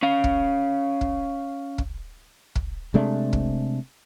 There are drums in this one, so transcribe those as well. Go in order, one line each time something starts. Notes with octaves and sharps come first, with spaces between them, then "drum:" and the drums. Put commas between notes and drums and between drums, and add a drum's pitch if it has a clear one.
C#4 F5
drum: kick
drum: kick
drum: kick
drum: kick
C3 G#3 A3 D4
drum: kick